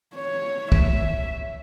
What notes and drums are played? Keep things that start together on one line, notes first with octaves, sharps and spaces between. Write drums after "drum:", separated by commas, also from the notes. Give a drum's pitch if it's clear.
C#5
E5, drum: kick